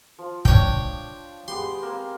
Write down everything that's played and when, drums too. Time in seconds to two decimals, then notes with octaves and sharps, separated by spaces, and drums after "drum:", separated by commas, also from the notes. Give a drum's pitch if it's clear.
0.19 F3
0.45 D4 C#5 G5, drum: kick
1.48 G#3 B3 G4 C6
1.83 A#3 C4